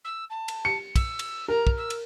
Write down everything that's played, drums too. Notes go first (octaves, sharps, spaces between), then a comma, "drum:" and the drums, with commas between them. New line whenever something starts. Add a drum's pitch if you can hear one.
E6
A5
drum: cymbal
C#7
E6, drum: kick, cymbal
drum: cymbal
A#4 A#5
drum: kick
E6
drum: cymbal